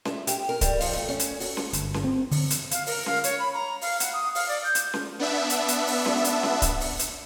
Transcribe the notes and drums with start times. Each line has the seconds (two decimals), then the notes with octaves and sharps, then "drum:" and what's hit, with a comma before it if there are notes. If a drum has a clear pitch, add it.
0.05 E5, drum: snare C#4
0.27 G4, drum: hi-hat
0.49 A#4
0.61 G3, drum: kick D1, hi-hat
0.81 F3, drum: open hi-hat
0.93 A3
1.09 C#4
1.20 drum: hi-hat
1.40 F#4, drum: open hi-hat
1.57 drum: snare C#4
1.73 G1, drum: hi-hat
1.94 drum: snare C#4
2.04 C4
2.31 D3, drum: open hi-hat
2.50 drum: hi-hat
2.71 F5, drum: hi-hat
2.86 A#4, drum: open hi-hat
3.06 F5, drum: snare C#4
3.24 C#5, drum: hi-hat
3.39 B5
3.54 A#5
3.81 F5, drum: open hi-hat
4.00 F#5, drum: hi-hat
4.13 D#6
4.35 F5, drum: open hi-hat
4.48 D5
4.64 G6
4.75 drum: hi-hat
4.94 drum: snare C#4
5.19 B3 D4 E5
5.50 drum: hi-hat
5.68 drum: hi-hat
5.87 drum: open hi-hat
6.06 drum: snare C#4
6.24 drum: hi-hat
6.43 drum: snare C#4
6.62 drum: kick D1, hi-hat
6.81 drum: open hi-hat
6.99 drum: hi-hat